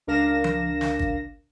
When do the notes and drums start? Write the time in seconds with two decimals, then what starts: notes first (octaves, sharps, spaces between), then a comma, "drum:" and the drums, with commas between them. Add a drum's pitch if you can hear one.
0.07 C#2 D4 A#4 F5 A#6 E7
0.44 drum: tom F3
0.81 drum: snare
0.99 drum: kick G#1